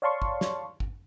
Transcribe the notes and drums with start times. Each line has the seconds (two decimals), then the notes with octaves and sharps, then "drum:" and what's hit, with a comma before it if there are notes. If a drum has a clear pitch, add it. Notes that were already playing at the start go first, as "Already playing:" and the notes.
0.02 C#5 D5 F5 A5 C6 C#6
0.22 drum: kick
0.41 drum: snare
0.80 drum: kick